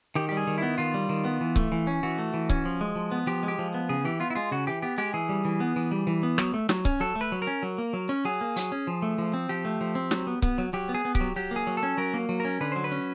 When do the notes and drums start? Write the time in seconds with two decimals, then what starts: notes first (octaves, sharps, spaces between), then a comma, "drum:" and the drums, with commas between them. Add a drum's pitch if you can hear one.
0.15 D#3 G4
0.29 G4
0.31 G3
0.37 G#4
0.47 D#3
0.58 B3 E4
0.78 D#3 F4
0.94 G3
1.09 D#3
1.25 B3
1.41 E3
1.56 A3, drum: kick C#1
1.72 E3
1.87 C#4
2.03 E3 F#4
2.18 A3
2.34 E3
2.49 C#4, drum: kick C#1
2.65 F3
2.81 G#3
2.95 F3
3.11 B3
3.27 F3 G4
3.43 G#3
3.48 G4
3.59 F3
3.74 B3
3.89 C#3 G#4
4.05 E3 G4
4.20 B3 F4
4.30 E4
4.35 G#3 F4
4.51 C#3 F#4
4.67 E3 G4
4.82 B3 G4
4.98 G#3 G4
5.14 E3 G#4
5.29 G3
5.45 E3
5.60 B3
5.76 E3
5.91 G3
6.07 E3
6.23 B3
6.38 F#3, drum: rim click
6.54 A3
6.69 F#3, drum: snare
6.85 C#4, drum: kick C#1
7.00 F#3 A4
7.15 A3
7.21 B4
7.32 F#3
7.42 A#4
7.47 C#4
7.63 F#3
7.78 A#3
7.93 F#3
8.09 C#4
8.25 F#3 G#4
8.41 A#3
8.56 F#3, drum: hi-hat
8.72 C#4
8.87 F3
9.02 A3
9.18 F3
9.34 C4
9.49 F3 G4
9.65 A3
9.81 F3
9.95 C4
10.11 F#3, drum: snare
10.27 B3
10.42 B3, drum: kick C#1
10.58 F#3
10.73 F#3 G4
10.89 B3
10.94 G#4
11.05 B3
11.15 G4, drum: kick C#1
11.21 F#3
11.36 F#3 G4
11.51 A#3
11.56 G#4
11.67 F#3
11.77 A4
11.83 C#4
11.97 F#3 A#4
12.14 A#3
12.29 F#3
12.40 C#4 A#4
12.61 D3 B4
12.72 F#3 C5
12.84 B4
12.92 C#4